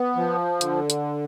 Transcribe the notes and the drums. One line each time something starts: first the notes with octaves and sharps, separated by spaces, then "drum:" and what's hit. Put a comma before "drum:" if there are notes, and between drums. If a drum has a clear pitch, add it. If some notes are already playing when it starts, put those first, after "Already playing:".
Already playing: B3
F3
D3, drum: hi-hat
drum: hi-hat